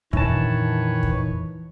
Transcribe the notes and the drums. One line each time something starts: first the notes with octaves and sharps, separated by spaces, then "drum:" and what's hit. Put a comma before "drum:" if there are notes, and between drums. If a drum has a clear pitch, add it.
F2 A#2 D#3 E3 D4 B4 C#5 A5, drum: kick
drum: kick